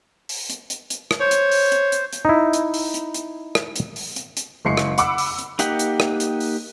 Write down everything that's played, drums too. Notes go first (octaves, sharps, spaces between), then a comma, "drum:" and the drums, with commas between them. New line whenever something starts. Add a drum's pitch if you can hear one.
drum: open hi-hat
drum: hi-hat
drum: hi-hat
drum: hi-hat
drum: rim click
C5 C#5
drum: hi-hat
drum: open hi-hat
drum: hi-hat
drum: hi-hat
drum: hi-hat
D#4 E4
drum: hi-hat
drum: open hi-hat
drum: hi-hat
drum: hi-hat
drum: rim click
drum: hi-hat
drum: open hi-hat
drum: hi-hat
drum: hi-hat
F#1 G#3 C7 C#7
drum: rim click
F#5 B5 D6 E6 C#7, drum: hi-hat
drum: open hi-hat
drum: hi-hat
A#3 D#4 G4 F#5, drum: hi-hat
drum: hi-hat
drum: rim click
drum: hi-hat
drum: open hi-hat